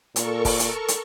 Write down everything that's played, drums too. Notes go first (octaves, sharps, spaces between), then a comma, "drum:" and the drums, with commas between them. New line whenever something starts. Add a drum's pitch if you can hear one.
A#2 A4 A#4 C#6, drum: hi-hat
drum: kick, open hi-hat
drum: hi-hat
drum: hi-hat